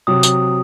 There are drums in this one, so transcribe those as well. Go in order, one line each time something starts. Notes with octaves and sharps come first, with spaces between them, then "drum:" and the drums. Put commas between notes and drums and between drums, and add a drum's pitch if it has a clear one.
C3 F#3 D#6
drum: tambourine